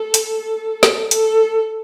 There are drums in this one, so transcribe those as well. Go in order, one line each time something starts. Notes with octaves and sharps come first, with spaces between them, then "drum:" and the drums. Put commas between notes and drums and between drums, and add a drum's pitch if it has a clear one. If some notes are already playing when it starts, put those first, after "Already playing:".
Already playing: A4
drum: hi-hat
drum: snare
A4, drum: hi-hat